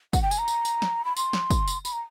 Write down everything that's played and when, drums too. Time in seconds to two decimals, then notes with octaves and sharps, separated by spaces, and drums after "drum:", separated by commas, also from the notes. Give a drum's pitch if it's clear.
0.13 F#5, drum: kick, tambourine
0.22 G5
0.31 G#5, drum: tambourine
0.39 A#5
0.48 drum: tambourine
0.65 drum: tambourine
0.82 drum: snare
1.05 B5
1.17 C6, drum: tambourine
1.33 drum: snare
1.50 drum: kick, tambourine
1.68 drum: tambourine
1.85 B5, drum: tambourine
1.93 A#5